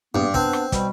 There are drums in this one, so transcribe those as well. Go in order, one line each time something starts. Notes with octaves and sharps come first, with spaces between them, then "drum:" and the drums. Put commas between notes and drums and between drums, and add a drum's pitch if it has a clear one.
E2 G2 A#3 B3
B3 C4 D4, drum: kick
drum: rim click
B2 G3, drum: kick, hi-hat